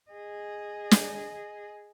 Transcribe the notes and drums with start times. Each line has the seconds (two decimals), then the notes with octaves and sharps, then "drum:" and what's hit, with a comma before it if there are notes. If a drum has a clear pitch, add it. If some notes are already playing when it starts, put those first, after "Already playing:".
0.11 G#4 D#5
0.91 drum: snare